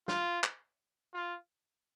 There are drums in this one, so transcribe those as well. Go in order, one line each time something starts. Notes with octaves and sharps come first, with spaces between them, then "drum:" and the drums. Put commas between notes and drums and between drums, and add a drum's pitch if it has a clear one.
F4, drum: snare
drum: clap
F4